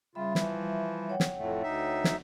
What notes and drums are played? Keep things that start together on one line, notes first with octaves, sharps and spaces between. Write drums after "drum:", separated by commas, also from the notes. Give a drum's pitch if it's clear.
C#3 G3 F4 E5 B5
E3 F3, drum: snare
C#5 F#5 G5
drum: snare
F2 A2 A3
D2 D#4 E5
drum: snare